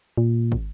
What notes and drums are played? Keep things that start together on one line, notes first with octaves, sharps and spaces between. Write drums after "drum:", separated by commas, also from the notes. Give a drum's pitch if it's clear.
A#2
drum: kick